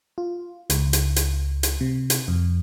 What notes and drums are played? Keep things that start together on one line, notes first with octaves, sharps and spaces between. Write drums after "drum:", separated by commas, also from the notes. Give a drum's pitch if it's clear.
F4
C#2, drum: hi-hat
drum: hi-hat
drum: hi-hat
drum: hi-hat
C3
drum: hi-hat
F2